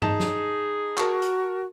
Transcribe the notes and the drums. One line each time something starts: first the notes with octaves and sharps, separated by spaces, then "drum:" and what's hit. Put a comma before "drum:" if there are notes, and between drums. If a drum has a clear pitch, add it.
D#4 G#4 A5 E7, drum: tom G2
drum: snare
F#4 A#4 A5 C#6, drum: clap
drum: hi-hat